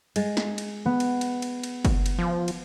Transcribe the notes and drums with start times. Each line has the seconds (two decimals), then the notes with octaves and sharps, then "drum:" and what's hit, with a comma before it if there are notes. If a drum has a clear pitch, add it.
0.16 G#3 A6, drum: cymbal
0.37 drum: snare
0.58 drum: cymbal
0.86 B3
1.00 drum: cymbal
1.21 drum: cymbal
1.42 drum: cymbal
1.63 drum: cymbal
1.85 drum: kick F#1, cymbal
2.06 drum: cymbal
2.19 F3
2.48 drum: cymbal